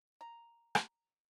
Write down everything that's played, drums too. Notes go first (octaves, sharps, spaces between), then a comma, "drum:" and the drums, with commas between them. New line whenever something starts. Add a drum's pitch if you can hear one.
A#5
drum: rim click